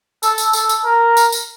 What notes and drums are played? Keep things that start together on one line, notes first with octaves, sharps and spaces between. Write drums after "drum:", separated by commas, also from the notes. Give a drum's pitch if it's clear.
A4, drum: tambourine
drum: tambourine
A4, drum: tambourine
drum: tambourine
A#4
drum: tambourine
drum: tambourine